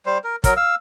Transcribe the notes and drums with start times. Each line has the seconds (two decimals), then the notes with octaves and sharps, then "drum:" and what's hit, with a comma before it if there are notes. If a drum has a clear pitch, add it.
0.06 G3 C5
0.24 A#4
0.44 F#3 A#4, drum: kick, hi-hat
0.57 F5 E6